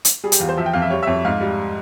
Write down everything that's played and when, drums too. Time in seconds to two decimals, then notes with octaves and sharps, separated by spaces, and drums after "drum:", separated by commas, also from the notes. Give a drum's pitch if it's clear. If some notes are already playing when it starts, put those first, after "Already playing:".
0.05 drum: hi-hat
0.24 G3 G#4
0.32 G4, drum: hi-hat
0.40 E2 F4
0.49 C5
0.57 F3 E5
0.66 G5
0.73 F2 F5
0.82 E5
0.90 G3 C#5
1.03 E5
1.07 F2 C#5
1.25 G#2 F5
1.41 G3